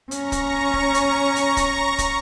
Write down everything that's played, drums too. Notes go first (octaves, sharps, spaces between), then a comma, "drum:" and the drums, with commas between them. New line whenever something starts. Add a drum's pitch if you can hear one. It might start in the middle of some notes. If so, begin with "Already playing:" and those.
C#4 A#5 C#6 A#6, drum: hi-hat
drum: kick, hi-hat
drum: kick
drum: hi-hat
drum: hi-hat
drum: kick, hi-hat
drum: kick, hi-hat